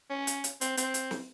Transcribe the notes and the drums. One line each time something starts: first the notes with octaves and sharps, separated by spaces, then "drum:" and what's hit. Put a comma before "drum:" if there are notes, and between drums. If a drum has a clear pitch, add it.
C#4
drum: hi-hat
drum: hi-hat
C4, drum: hi-hat
C4, drum: hi-hat
drum: hi-hat
drum: snare